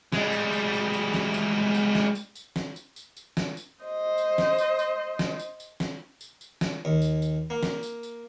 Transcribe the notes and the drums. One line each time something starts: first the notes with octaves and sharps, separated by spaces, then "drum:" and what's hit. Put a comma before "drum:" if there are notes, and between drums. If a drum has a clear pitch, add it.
G3 G#3, drum: snare
drum: tambourine
drum: tambourine
drum: tambourine
drum: tambourine
drum: snare
drum: tambourine
drum: tambourine
drum: snare
drum: tambourine
drum: tambourine
drum: snare
drum: tambourine
drum: tambourine
drum: tambourine
drum: snare
drum: tambourine
C5 D#5
drum: tambourine
drum: snare
drum: tambourine
drum: tambourine
drum: snare
drum: tambourine
drum: tambourine
drum: snare
drum: tambourine
drum: tambourine
drum: snare
D#2
drum: tambourine
drum: tambourine
A#3
drum: snare
drum: tambourine
drum: tambourine